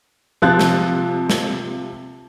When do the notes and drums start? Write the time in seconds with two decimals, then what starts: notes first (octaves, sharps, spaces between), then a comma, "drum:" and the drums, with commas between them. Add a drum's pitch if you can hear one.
0.42 C3 F3 F4 F#6 A6
0.59 drum: snare
1.30 drum: snare